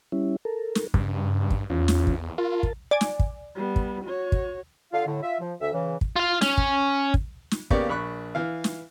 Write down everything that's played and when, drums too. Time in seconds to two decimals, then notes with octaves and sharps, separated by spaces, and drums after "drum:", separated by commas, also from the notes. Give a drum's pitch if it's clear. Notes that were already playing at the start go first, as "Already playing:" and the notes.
0.12 G3 C#4 E4
0.45 A4 A#4
0.75 drum: snare
0.94 G2 C#3, drum: kick
1.50 drum: kick
1.70 E2 C#4 F4
1.88 drum: snare
2.07 drum: kick
2.38 F4 A#4 A5
2.63 drum: kick
2.91 D5 G#5
3.01 drum: snare
3.19 drum: kick
3.55 G3 B3
3.76 drum: kick
4.05 F#4 C#5
4.32 drum: kick
4.93 D3 F4 F5
5.06 A2 D3
5.22 F4 E5
5.40 F3
5.61 D2 E5
5.73 C#3 E3
6.01 drum: kick
6.16 F4 F5
6.41 C#4, drum: snare
6.58 drum: kick
7.14 drum: kick
7.51 drum: snare
7.70 C#3 A#3 B3 G4 D5 C#6, drum: kick
7.89 A#1 B5 C#6 F#6
8.35 E3 F5
8.64 drum: snare